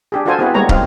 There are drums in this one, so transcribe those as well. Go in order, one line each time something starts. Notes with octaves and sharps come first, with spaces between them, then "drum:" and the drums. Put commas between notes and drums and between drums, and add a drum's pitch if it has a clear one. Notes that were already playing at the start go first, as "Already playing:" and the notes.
D4 G4 G#4
D4 F4 F#4 A4 C5 G#5
B3 C4 E4 F#4 G#4 B4
G3 G#3 A#3 B3 C#5 A#5
C4 D#4 F5, drum: kick